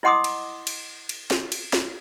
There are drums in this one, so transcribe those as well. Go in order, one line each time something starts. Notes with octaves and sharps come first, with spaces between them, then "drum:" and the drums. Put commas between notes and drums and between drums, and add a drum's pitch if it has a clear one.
E4 D#5 F#5 C6 D6 D#6
drum: cymbal
drum: cymbal
drum: cymbal
drum: snare
drum: cymbal
drum: snare